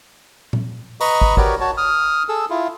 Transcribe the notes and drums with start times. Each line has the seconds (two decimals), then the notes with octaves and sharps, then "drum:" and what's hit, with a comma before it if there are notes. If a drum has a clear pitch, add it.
0.53 drum: tom A#2
1.01 B4 D#5 A#5 B5 C#6, drum: open hi-hat
1.22 drum: kick
1.37 F#4 G4 A#4 B4 C#5 D5, drum: kick
1.61 F#4 C#5 A5
1.77 D#6 F6
2.29 G#4 A4 E6
2.50 E4 F4